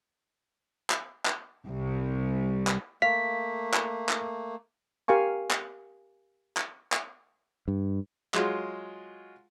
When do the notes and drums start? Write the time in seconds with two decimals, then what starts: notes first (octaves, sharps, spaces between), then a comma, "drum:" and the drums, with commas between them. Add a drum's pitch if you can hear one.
0.90 drum: clap
1.26 drum: clap
1.67 C2
2.67 drum: clap
3.02 A3 A#3 F5 B6
3.74 drum: clap
4.09 drum: clap
5.08 G4 A#4 F5 G#5 C#6
5.51 drum: clap
6.57 drum: clap
6.92 drum: clap
7.68 G2
8.34 F#3 G#3 F4 F#4, drum: clap